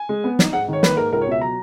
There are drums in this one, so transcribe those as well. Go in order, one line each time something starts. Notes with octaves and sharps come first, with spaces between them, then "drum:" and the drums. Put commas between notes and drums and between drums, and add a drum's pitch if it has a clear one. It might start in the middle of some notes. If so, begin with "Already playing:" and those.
Already playing: G#5
G#3
B3
D#4, drum: snare
G#2 F#5
D#3 C#5
A#3 B4, drum: snare
G#2 A#4
C#2 A#4
C#5
B2 E5
F#3 A#5